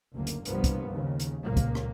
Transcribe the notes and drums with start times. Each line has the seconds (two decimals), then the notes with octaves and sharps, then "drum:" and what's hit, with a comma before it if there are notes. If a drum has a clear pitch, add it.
0.11 F#1 D2 A#3
0.27 drum: hi-hat
0.45 C2 G2 F3 A#3 B3, drum: hi-hat
0.64 drum: kick, hi-hat
0.87 D#2 C#3
1.20 drum: hi-hat
1.42 C#2 A#2 F3 A#3
1.57 drum: kick, hi-hat
1.75 drum: rim click